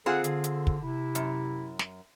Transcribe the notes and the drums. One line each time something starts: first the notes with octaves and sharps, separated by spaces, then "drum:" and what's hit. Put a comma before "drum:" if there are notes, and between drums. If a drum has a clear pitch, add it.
D3 C4 F4 G#4 A4 F#5
D3, drum: hi-hat
drum: hi-hat
drum: kick
C3 E4
F#2, drum: hi-hat
drum: snare